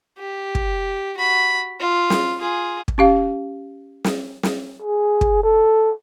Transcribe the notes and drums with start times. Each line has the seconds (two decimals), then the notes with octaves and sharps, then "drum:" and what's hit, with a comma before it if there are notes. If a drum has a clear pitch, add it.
0.19 G4
0.55 drum: kick
1.17 F#4 B5
1.80 F4
2.10 drum: snare
2.40 F4 G#4
2.88 drum: kick
2.98 C#4 G4 F5
4.04 drum: snare
4.43 drum: snare
4.82 G#4
5.21 drum: kick
5.43 A4